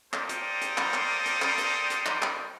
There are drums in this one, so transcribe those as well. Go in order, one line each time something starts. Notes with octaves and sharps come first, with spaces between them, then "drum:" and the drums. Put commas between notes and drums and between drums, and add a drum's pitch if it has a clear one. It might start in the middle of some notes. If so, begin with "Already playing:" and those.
A#3 G4 A4 C5 D5 D#6, drum: clap
drum: hi-hat
drum: hi-hat
drum: clap
drum: clap
drum: hi-hat
drum: clap
drum: hi-hat
drum: hi-hat
drum: clap
drum: clap